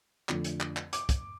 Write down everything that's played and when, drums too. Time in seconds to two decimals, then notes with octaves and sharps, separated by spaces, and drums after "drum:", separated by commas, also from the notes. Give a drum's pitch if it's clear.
0.29 F2 D3 F3 A3 D4, drum: clap
0.44 drum: hi-hat
0.61 drum: clap
0.77 drum: clap
0.93 D6, drum: hi-hat
1.09 drum: kick, hi-hat